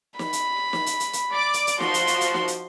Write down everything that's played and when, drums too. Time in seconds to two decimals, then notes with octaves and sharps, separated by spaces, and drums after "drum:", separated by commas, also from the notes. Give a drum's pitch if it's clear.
0.19 B5, drum: snare
0.33 drum: hi-hat
0.73 drum: snare
0.86 drum: hi-hat
1.00 drum: hi-hat
1.13 drum: hi-hat
1.31 D5 D6
1.54 drum: hi-hat
1.67 drum: hi-hat
1.80 F3 F#4 C6, drum: snare
1.94 drum: hi-hat
2.07 drum: hi-hat
2.21 drum: hi-hat
2.34 drum: snare
2.48 drum: hi-hat